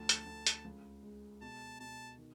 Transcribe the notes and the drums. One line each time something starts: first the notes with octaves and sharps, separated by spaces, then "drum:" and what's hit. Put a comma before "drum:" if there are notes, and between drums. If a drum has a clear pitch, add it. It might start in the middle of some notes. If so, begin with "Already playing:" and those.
Already playing: D2 F3 A5
drum: hi-hat
D2
drum: hi-hat
C#2
G#3
B2 A5
B2 A5
D#3